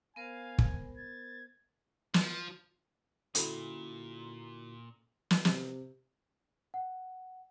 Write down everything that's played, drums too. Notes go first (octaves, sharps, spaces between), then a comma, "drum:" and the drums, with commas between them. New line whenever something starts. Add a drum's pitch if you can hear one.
B3 A#4 C5 F5 G#5
drum: kick
G#6 A6
F3, drum: snare
A#2 D3 C#4 E4 F#4 A4 B5, drum: hi-hat
drum: snare
C3, drum: snare
F#5